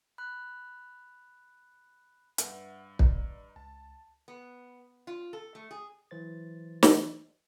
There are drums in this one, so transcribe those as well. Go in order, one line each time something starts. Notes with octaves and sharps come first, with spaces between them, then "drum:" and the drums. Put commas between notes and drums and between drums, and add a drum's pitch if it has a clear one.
B5 F#6
G2 B4 E5 F#5, drum: hi-hat
D5 D#5 A#5, drum: kick
C#2 A5
B3
F4
A4
A3
G#4
E3 F#3 C5 A6
drum: snare